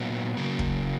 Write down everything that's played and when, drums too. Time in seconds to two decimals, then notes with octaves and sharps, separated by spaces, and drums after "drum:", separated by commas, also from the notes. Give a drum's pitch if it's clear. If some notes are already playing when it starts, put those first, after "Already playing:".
Already playing: A#2 F#3 B3 D#4
0.37 C#3 F#3 A#3
0.59 drum: kick